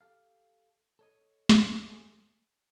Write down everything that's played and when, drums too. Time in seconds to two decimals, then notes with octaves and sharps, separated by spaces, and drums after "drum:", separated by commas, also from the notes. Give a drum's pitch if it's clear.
0.01 G4 A4 F5
0.99 A4 C#5 D#5
1.49 drum: snare
1.90 A3 G#4